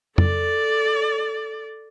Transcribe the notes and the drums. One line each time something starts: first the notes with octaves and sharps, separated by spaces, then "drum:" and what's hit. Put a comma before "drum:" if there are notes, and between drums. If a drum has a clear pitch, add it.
A4 D5, drum: tom F2